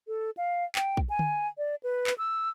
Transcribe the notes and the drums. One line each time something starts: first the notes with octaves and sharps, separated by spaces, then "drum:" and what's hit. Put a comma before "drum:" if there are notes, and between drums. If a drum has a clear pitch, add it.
A4
F5
G5, drum: clap
drum: kick
G#5
drum: tom D3
D5
B4
drum: clap
E6